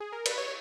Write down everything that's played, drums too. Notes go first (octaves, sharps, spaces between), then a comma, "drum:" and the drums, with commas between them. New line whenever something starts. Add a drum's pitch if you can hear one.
G#4
A#4
B4, drum: cymbal
C#5